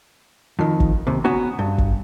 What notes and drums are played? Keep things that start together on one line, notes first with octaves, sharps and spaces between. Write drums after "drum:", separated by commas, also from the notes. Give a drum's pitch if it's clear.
F2 D#3
drum: kick
D#2 C3
B3 C#4 F#4 A#5
G2
drum: kick